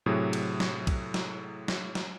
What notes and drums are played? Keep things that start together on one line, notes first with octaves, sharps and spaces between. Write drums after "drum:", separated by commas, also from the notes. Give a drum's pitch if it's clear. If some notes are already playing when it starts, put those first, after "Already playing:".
A2 C3 F#3 G#4
drum: cymbal
drum: snare
drum: kick B1, cymbal
drum: snare
drum: snare
drum: snare